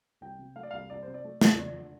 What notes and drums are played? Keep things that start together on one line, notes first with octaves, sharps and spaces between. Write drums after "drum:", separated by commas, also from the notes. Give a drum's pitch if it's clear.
C2 G5
C3
A3 F5
D5
C2 F5
C2 D5
C5
C3
D5
A3
C2, drum: snare
F2 D5
D3